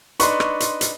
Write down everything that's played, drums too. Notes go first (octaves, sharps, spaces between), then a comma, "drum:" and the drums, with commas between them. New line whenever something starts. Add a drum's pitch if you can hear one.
D4 D#4 B4 C6 C#6, drum: hi-hat
drum: rim click
drum: hi-hat
drum: hi-hat